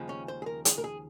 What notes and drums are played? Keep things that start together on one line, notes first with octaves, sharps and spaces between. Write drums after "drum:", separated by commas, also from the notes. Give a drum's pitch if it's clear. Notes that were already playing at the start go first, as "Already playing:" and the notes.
Already playing: D#2 C#3 F3 G#3
C#4
C5
G#4
A#4
G#4, drum: hi-hat
A#4
G#4